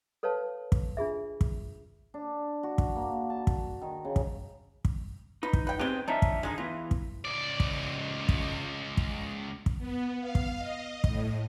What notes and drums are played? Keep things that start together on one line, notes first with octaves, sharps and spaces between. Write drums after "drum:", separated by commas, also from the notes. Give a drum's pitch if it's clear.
A4 B4 C#5 F5 A5
drum: kick
D4 F4 G#4 E5
drum: kick
D4
F#4
drum: kick
A#3
A5
drum: kick
D#3
C#3
drum: kick
drum: kick
D#4 B4
drum: kick
B4 G5
G#3 B3 C4 G4 G5
F3 D4 D#4 C#5 E5
drum: kick
D3 D#3 G#3 D#4 G#4
E3 B3 F4
drum: kick
C#2 D5
drum: kick
drum: kick
drum: kick
drum: kick
B3
F5
drum: kick
D#5
A2, drum: kick